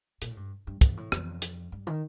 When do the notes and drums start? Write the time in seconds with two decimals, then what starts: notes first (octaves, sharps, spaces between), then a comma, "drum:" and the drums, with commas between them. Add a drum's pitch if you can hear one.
0.22 A#2, drum: hi-hat
0.30 A2
0.37 G2
0.67 G2
0.81 G2, drum: kick, hi-hat
0.97 A2
1.12 F2, drum: rim click
1.42 drum: hi-hat
1.72 G2
1.87 D#3